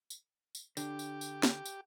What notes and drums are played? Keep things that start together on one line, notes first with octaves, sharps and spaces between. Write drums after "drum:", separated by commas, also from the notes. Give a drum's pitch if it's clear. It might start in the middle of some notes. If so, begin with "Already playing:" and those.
drum: tambourine
drum: tambourine
D3 G4, drum: tambourine
drum: tambourine
drum: tambourine
drum: snare
drum: tambourine